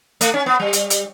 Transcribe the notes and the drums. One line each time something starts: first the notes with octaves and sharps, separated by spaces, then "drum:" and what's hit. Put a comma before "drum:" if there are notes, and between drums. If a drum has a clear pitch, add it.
A3, drum: hi-hat
C#4
B3
G3
drum: hi-hat
drum: hi-hat